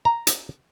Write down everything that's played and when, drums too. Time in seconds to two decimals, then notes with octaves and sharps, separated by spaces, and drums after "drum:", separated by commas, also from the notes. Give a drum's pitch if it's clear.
0.05 A#5
0.27 drum: hi-hat